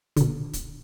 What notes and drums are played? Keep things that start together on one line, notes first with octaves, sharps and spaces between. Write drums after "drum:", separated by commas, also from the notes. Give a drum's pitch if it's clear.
B2 D3, drum: kick, hi-hat
drum: kick, hi-hat